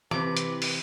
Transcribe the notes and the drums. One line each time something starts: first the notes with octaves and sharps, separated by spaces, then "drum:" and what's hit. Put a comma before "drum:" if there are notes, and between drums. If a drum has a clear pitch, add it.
C3 E3 B4 D6, drum: rim click
drum: hi-hat
drum: open hi-hat